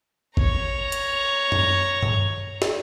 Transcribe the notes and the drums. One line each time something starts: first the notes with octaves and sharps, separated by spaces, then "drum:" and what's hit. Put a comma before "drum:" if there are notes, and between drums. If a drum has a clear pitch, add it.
C#5 A#5, drum: kick
drum: hi-hat
drum: tom F#2
drum: tom G2
drum: snare